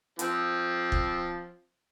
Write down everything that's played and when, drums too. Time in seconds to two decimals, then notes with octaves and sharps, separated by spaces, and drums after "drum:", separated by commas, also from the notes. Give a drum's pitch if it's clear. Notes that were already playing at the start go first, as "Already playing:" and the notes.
0.19 F3 C4, drum: hi-hat
0.92 drum: kick C#1